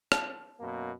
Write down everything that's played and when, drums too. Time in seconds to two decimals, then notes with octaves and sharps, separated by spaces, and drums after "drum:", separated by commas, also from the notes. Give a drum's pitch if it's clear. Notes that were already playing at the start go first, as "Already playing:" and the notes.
0.12 A5, drum: rim click
0.60 F#2 B2 A#3